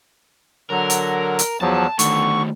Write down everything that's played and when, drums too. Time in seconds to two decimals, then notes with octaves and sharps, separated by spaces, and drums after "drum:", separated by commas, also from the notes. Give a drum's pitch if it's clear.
0.70 D3 F#3 A#4
0.90 drum: hi-hat
1.39 drum: hi-hat
1.61 E2 F3 F#3 A5
1.99 D3 D#3 A3 C#6, drum: hi-hat